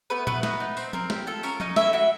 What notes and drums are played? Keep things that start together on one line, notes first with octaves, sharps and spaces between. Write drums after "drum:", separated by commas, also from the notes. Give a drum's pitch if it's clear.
A3 B3 B4
A3 B3 B4, drum: tom A#2
B3 D#4 B4, drum: snare
D#4
C4, drum: tambourine
C4 A#4, drum: tom F3
G4, drum: snare
F4 A4
C#4 A#4, drum: tambourine
C#4 D#4 D#5, drum: tom F3
E4 A4 E5, drum: snare
E4 F#4 E5